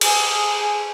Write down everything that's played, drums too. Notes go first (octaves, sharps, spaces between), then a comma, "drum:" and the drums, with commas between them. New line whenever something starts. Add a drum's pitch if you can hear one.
G#4, drum: cymbal